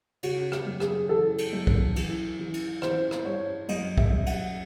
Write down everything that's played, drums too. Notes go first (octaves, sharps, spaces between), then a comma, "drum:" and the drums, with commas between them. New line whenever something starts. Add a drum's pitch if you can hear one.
C#3 F#4, drum: cymbal
G4, drum: rim click
F#2
G#4, drum: rim click
E3 A4
drum: cymbal
F#2
drum: kick B1
E3, drum: cymbal
E3
drum: cymbal
E3 C5, drum: rim click
drum: rim click
G2 C#5
F#2 D#5, drum: cymbal
E5, drum: kick B1
F#2
F#5, drum: cymbal